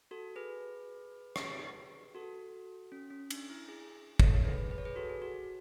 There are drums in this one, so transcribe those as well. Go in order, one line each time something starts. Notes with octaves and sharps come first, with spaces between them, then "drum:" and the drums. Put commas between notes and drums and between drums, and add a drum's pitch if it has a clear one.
F#4 A4
G#4 B4
drum: rim click
F#4 A4
C#4
C#4
D4, drum: cymbal
E4
G#4
A4 C#5, drum: kick
G#4 B4
B4
C#5
G#4 B4
F#4 A4
G#4
F#4